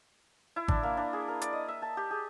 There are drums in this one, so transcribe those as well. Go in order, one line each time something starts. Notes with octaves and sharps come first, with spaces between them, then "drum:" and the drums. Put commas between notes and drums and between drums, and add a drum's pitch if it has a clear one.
E4
D4, drum: kick G#1
A#3
D4
G#4
A#4
D5, drum: hi-hat
D#5
E5
A5
G4
G#4